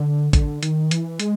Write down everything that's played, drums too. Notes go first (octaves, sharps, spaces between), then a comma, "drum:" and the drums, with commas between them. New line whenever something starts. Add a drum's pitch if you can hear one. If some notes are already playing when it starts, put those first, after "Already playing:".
Already playing: D3
D3, drum: kick, hi-hat
D#3, drum: hi-hat
E3, drum: hi-hat
G#3, drum: hi-hat